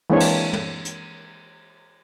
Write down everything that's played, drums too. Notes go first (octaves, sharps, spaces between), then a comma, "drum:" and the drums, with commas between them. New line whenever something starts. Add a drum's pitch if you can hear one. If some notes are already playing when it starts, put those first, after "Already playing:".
E3 G#3 A#3 C4 D4 C#5
drum: cymbal
drum: tom
drum: hi-hat